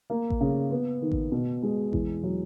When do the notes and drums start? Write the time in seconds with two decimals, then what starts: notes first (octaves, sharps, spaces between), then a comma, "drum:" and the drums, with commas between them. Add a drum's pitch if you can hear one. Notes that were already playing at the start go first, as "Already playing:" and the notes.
0.10 A#3
0.30 drum: kick A1
0.41 C#3
0.71 B3
1.02 D#3
1.12 drum: kick A1
1.32 B2
1.63 G#3
1.93 E2, drum: kick A1
2.23 F#3